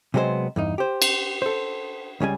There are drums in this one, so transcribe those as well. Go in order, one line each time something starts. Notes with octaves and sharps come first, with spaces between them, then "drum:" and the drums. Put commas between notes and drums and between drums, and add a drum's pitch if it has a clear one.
C3 F#3 G#3 B3 A4 C5
E2 G2 D#4
G4 C5
drum: cymbal
A4 C5
C#2 C#3 G3 G#5